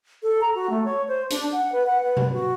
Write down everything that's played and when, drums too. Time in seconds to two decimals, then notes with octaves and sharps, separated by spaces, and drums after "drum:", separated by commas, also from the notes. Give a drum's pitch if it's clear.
0.23 A4
0.41 A#5
0.55 F#4
0.70 A3
0.85 C#5
1.08 C5
1.30 D4, drum: hi-hat
1.52 F#5
1.72 B4
1.87 F#5
2.03 B4
2.17 drum: tom B2
2.34 F#4